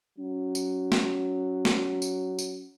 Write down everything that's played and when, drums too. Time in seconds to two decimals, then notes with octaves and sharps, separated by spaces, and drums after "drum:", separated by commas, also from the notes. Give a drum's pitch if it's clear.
0.18 F#3 C#4
0.55 drum: tambourine
0.92 drum: snare
1.65 drum: snare
2.02 drum: tambourine
2.39 drum: tambourine